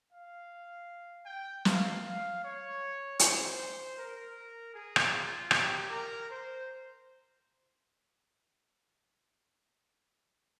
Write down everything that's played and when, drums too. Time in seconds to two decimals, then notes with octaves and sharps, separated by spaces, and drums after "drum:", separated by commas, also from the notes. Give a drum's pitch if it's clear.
0.11 F5
1.26 G5
1.65 F5, drum: snare
2.03 F5
2.42 C#5
3.19 C5, drum: hi-hat
3.97 A#4
4.74 G#4
4.96 drum: rim click
5.13 F4
5.51 G4, drum: rim click
5.89 A#4
6.28 C5